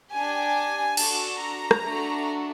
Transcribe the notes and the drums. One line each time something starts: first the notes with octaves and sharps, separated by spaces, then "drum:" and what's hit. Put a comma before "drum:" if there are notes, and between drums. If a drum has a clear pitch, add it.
D4 G4 G#5
D4 F#4 A4 A5, drum: cymbal
A#5
drum: rim click
A3 D4 F#4